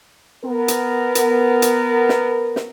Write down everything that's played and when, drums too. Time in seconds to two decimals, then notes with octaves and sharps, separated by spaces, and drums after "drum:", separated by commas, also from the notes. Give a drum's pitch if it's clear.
0.45 B3 A#4
0.68 drum: hi-hat
1.15 drum: hi-hat
1.62 drum: hi-hat
2.09 drum: snare
2.56 drum: snare